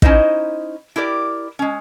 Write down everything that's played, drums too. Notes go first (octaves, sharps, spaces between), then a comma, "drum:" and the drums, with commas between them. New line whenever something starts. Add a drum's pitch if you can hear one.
C#4 D#4 E4 C5 D#5, drum: kick
E4 G4 A#4 D5
G#3 C#4